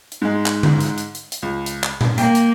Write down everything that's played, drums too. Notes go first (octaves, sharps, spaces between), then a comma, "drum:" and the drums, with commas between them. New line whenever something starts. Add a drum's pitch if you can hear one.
drum: hi-hat
G#2 G#3
drum: clap
drum: tom D3
drum: hi-hat
drum: hi-hat
drum: hi-hat
drum: hi-hat
C#2
drum: hi-hat
drum: clap
drum: tom A#2
A#3 G5, drum: hi-hat
drum: hi-hat